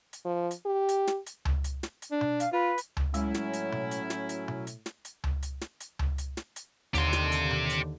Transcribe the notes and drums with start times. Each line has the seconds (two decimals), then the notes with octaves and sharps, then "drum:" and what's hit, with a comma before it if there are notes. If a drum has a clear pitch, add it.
0.13 drum: hi-hat
0.25 F3
0.51 drum: hi-hat
0.66 G4
0.89 drum: hi-hat
1.07 drum: snare
1.26 drum: hi-hat
1.45 drum: tom C#2
1.64 drum: hi-hat
1.83 drum: snare
2.02 drum: hi-hat
2.11 D4
2.21 drum: tom B2
2.40 F5, drum: hi-hat
2.53 F4 B4
2.78 drum: hi-hat
2.97 drum: tom C#2
3.14 A2 F#3 G#3 C#4 E4, drum: hi-hat
3.34 drum: snare
3.53 drum: hi-hat
3.72 drum: tom B2
3.91 drum: hi-hat
4.10 drum: snare
4.29 drum: hi-hat
4.48 drum: tom B2
4.67 drum: hi-hat
4.86 drum: snare
5.05 drum: hi-hat
5.24 drum: tom C#2
5.43 drum: hi-hat
5.61 drum: snare
5.80 drum: hi-hat
5.99 drum: tom C#2
6.18 drum: hi-hat
6.37 drum: snare
6.56 drum: hi-hat
6.94 D#2 D3 G4 C6, drum: hi-hat
7.13 drum: snare
7.32 drum: hi-hat
7.51 drum: tom B2
7.69 drum: hi-hat